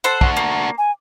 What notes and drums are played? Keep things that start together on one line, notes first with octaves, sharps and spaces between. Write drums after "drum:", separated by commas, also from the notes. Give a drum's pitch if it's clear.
A4 C5 F#5
D4 F#4, drum: kick
A#3
G#5